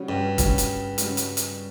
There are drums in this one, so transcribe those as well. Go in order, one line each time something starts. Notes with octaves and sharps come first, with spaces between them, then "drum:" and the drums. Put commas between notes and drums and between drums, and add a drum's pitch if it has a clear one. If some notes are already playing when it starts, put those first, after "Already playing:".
Already playing: C#3 G3 C#4 F#4
G2
C#3 G3 C#4 F#4, drum: kick, hi-hat
drum: hi-hat
C#3 G3 C#4 F#4, drum: hi-hat
drum: hi-hat
drum: hi-hat